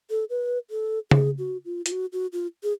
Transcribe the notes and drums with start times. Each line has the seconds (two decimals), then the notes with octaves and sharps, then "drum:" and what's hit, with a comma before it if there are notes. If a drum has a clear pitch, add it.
0.10 A4
0.30 B4
0.70 A4
1.11 G#4, drum: tom C#3
1.38 F#4
1.65 F4
1.86 F4, drum: hi-hat
1.92 F#4
2.13 F#4
2.33 F4
2.63 G#4